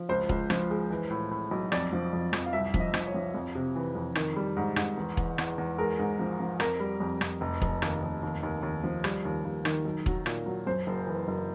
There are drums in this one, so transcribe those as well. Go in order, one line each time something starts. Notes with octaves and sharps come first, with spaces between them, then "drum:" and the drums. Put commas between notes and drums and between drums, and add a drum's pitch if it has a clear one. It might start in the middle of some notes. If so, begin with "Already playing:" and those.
Already playing: F3
C#2 C5
C#2, drum: kick E1
F3, drum: rim click
G#3
E3
A2
A2
B1
F2 D5, drum: rim click
F3
F2
F2, drum: rim click
F5
C2 E5
F3, drum: kick E1
D#5
F3, drum: rim click
C#5
F3
F2
C3
E3
F2
D#3, drum: rim click
G3
G#2
G#2, drum: rim click
E2
E2, drum: kick E1
E2, drum: rim click
E2
G#3 A#4
G#2
F3
F3
F2 A#4, drum: rim click
G3
F2
F2, drum: rim click
F1
F1, drum: kick E1
D#2, drum: rim click
F1
D#2
D#2
D#2
F3
G3, drum: rim click
D#2
D#2
D#3, drum: rim click
B1
F#3, drum: kick E1
A#2, drum: rim click
F#3
F#2 C5
F#1
E3
F#1